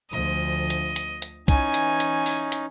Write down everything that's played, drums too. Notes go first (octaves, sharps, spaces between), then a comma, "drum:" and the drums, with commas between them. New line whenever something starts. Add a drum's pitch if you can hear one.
D2 F3 D#5
drum: hi-hat
drum: hi-hat
drum: hi-hat
E3 C#4 D#4 G#5, drum: kick C2, hi-hat
drum: hi-hat
drum: hi-hat
drum: open hi-hat
drum: hi-hat